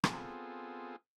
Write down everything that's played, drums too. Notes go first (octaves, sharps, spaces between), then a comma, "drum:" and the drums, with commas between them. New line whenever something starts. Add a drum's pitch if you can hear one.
B3 C4 F4 G#4 A4, drum: rim click